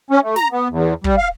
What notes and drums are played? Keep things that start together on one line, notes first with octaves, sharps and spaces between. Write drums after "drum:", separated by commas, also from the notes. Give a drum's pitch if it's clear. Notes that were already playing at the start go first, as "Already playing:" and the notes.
C#4
A3
A#5, drum: snare
B3
E2
G3, drum: kick
F5